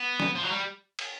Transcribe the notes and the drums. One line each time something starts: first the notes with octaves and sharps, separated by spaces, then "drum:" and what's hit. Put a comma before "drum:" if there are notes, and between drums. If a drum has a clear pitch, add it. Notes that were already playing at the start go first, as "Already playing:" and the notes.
Already playing: B3
drum: snare
F3
F#3
G3
drum: cymbal